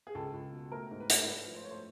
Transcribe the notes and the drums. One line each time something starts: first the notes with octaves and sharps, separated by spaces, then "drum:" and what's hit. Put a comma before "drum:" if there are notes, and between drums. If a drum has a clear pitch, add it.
G#4
C#2 A4
C#2
B2
A3 A#4
G#2
B4
A3, drum: hi-hat
A3 B4
F3
C5
A3 C#5
C5